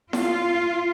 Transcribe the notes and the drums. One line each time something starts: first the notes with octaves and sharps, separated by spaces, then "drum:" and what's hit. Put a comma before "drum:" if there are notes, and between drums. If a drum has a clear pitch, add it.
F4, drum: snare E4